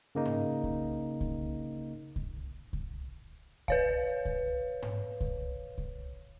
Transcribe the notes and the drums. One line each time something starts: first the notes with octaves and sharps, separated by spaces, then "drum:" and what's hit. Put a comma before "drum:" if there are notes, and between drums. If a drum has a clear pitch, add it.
C#3 A#3 D#4
drum: tom G#2
drum: kick C2
drum: kick C2
drum: kick C2
drum: kick C2
B4 C#5 F5, drum: kick C2
drum: kick C2
drum: tom G#2
drum: kick C2
drum: kick C2